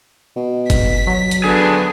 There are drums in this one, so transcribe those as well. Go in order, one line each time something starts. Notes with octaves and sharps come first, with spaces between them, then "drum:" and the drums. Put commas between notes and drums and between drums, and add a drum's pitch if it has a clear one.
B2
B6, drum: kick F#1, hi-hat
F#3
drum: hi-hat
D3 B3 D4 G#4